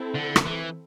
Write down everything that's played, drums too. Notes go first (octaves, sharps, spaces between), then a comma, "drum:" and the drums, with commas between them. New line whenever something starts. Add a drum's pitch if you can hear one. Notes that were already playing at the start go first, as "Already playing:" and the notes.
Already playing: C4 E4 A4
D3
drum: rim click
E3